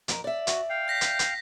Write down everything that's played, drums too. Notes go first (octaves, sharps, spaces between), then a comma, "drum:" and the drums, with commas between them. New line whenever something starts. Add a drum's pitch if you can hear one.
F2 A#4, drum: hi-hat
D5 E5
F#4, drum: hi-hat
F5 G5
G6 A#6 B6
drum: hi-hat
drum: hi-hat